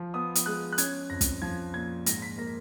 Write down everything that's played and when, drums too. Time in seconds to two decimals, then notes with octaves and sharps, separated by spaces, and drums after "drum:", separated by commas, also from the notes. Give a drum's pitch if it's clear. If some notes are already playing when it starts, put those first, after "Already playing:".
Already playing: F3
0.14 B3 D#6
0.35 drum: hi-hat
0.46 G#3 F#6
0.73 F#6
0.78 C#4 G#6, drum: hi-hat
1.10 F2 A#6
1.21 drum: kick, hi-hat
1.42 F3 G#6
1.74 A#2 G#6
2.06 G#2 A#6, drum: hi-hat
2.22 B6
2.38 A#3 A#6